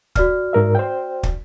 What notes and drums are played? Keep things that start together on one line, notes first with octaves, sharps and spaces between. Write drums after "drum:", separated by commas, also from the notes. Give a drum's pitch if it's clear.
F#4 D5 F6, drum: kick
G#2 A#4 E5
C5 G5
drum: kick